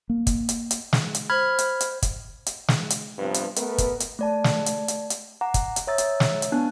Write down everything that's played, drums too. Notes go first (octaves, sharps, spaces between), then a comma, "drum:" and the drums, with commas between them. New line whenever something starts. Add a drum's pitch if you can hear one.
A#3
drum: kick, hi-hat
drum: hi-hat
drum: hi-hat
drum: snare
drum: hi-hat
C5 B5 F6 G#6
drum: hi-hat
drum: hi-hat
drum: kick, hi-hat
drum: hi-hat
drum: snare
drum: hi-hat
G2 C3 F3 B3
drum: hi-hat
A3 B3 A#4 B4, drum: hi-hat
drum: kick, hi-hat
drum: hi-hat
A3 D5 A5
drum: snare
drum: hi-hat
drum: hi-hat
drum: hi-hat
F#5 A#5 D6
drum: kick, hi-hat
drum: hi-hat
C#5 E5 A#5 D#6 E6 A6
drum: hi-hat
drum: snare
drum: hi-hat
B3 D4 A5 F#6